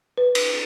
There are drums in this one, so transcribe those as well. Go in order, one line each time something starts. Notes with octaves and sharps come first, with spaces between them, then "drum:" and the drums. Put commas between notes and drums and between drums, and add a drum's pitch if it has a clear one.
B4
drum: cymbal